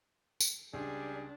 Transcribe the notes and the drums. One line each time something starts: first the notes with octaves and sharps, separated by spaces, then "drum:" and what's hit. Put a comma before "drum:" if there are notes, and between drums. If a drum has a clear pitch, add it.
drum: tambourine
C#2 G3 D4 G#4